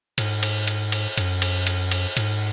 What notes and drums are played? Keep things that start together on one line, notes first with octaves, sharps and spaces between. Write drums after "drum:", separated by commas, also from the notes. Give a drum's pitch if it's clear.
G#2, drum: cymbal
drum: cymbal
drum: cymbal
drum: cymbal
F#2, drum: cymbal
drum: cymbal
drum: cymbal
drum: cymbal
G#2, drum: cymbal